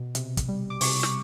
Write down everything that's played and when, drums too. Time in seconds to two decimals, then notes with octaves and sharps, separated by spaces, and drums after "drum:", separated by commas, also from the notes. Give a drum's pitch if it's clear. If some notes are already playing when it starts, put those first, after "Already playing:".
Already playing: B2
0.15 C3, drum: hi-hat
0.37 drum: kick, hi-hat
0.49 G3
0.70 D6
0.81 C3 C#6, drum: open hi-hat
1.03 drum: snare